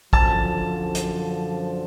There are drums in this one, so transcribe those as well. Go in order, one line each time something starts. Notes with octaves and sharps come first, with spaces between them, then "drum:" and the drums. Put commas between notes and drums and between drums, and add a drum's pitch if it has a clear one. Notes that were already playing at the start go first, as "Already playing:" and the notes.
F#2 D3 F3 A5, drum: kick A#1
drum: hi-hat